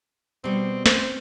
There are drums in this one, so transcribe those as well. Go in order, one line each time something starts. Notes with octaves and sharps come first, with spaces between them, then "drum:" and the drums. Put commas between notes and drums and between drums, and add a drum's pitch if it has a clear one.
B2 G3 C4
C4 C#4 C5, drum: snare